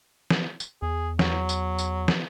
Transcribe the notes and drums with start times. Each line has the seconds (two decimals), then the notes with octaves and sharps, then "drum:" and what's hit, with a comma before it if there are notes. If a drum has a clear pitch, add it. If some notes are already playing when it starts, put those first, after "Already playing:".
0.30 drum: snare
0.60 drum: tambourine
0.82 E2 G#4
1.19 F#3, drum: snare
1.49 drum: tambourine
1.79 drum: tambourine
2.08 drum: snare